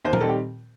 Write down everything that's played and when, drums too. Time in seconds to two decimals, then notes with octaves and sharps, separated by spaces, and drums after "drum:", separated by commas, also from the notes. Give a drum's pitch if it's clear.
0.05 D#2 C5
0.13 A#4, drum: tom
0.21 D#3 G3 C4 A4
0.29 G4